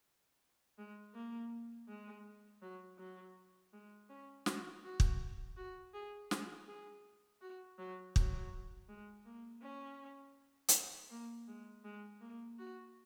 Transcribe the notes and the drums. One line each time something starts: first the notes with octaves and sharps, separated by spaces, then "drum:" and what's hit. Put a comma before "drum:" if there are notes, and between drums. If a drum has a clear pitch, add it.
G#3
A#3
G#3
F#3
F#3
G#3
C#4
F#4, drum: snare
F#4
drum: kick
F#4
G#4
G#4, drum: snare
G#4
F#4
F#3
F#3, drum: kick
G#3
A#3
C#4
drum: hi-hat
A#3
G#3
G#3
A#3
F#4